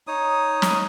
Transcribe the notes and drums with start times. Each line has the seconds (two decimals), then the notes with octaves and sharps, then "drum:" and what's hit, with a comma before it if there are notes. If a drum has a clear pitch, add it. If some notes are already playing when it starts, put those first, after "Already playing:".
0.07 D#4 C#5 D#6
0.62 drum: snare